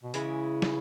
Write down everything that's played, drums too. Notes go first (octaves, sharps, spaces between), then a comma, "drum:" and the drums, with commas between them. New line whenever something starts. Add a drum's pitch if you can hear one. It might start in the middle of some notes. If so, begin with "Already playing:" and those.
B2
C#3 E3 G#3 C#4 E4, drum: hi-hat
drum: snare